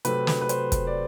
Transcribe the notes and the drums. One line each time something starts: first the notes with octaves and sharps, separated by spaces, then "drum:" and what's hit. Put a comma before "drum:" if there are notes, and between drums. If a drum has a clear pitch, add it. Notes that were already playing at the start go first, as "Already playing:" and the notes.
C3 F#3 A3 B4, drum: hi-hat
drum: snare
B4
C5, drum: hi-hat
drum: kick, hi-hat
D5